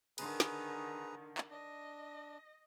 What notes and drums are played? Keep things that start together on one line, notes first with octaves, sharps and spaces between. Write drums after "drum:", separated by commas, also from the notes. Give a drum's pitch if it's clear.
D3 D#3 G#4 B4 A#5, drum: cymbal
drum: snare
drum: clap
D4 D#5